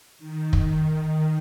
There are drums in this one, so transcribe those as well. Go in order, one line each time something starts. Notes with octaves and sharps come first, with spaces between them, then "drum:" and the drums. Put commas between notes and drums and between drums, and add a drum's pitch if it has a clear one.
D#3
drum: kick